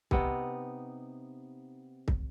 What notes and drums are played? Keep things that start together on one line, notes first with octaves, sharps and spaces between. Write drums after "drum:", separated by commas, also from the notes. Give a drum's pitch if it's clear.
C3 B3 D#4, drum: kick C2
drum: kick C2